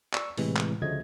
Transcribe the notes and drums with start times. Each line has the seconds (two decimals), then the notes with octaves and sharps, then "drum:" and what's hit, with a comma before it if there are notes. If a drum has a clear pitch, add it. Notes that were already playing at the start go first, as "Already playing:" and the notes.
0.13 D5 C#6 E6, drum: clap
0.37 A2 C3 E3 G#3, drum: open hi-hat
0.56 drum: clap
0.82 D2 C#3 F3 A3 D#5 G#6